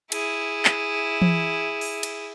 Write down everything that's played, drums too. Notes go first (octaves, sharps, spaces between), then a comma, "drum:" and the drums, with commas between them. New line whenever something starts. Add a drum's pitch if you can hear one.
E4 G#4, drum: cymbal
drum: clap
drum: tom E3
drum: open hi-hat
drum: cymbal